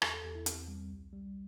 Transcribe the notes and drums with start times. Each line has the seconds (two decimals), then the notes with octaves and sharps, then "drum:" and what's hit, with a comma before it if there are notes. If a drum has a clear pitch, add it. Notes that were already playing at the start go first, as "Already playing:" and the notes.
0.02 E2 A4, drum: rim click
0.14 A4
0.25 E2 G4
0.35 E4
0.46 E2 C4, drum: hi-hat
0.68 G3
0.90 C2
1.13 G3